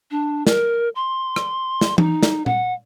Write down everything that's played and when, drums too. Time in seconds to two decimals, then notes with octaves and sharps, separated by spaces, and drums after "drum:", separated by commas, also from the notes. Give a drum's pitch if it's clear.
0.11 D4
0.47 A#4, drum: snare
0.95 C6
1.36 drum: rim click
1.81 drum: snare
1.98 D#4, drum: tom E3
2.23 drum: snare
2.46 F#5, drum: tom A#2